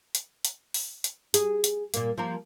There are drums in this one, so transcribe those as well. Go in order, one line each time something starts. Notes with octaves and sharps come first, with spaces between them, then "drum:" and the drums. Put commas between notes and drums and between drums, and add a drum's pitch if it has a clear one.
drum: hi-hat
drum: hi-hat
drum: open hi-hat
drum: hi-hat
G#4, drum: hi-hat
drum: hi-hat
A#2 A#3, drum: hi-hat
F3 A#3 A#4